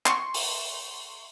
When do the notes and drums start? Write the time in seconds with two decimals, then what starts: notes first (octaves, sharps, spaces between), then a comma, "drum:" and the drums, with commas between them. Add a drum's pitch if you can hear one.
0.06 C6 C#6, drum: clap
0.34 drum: open hi-hat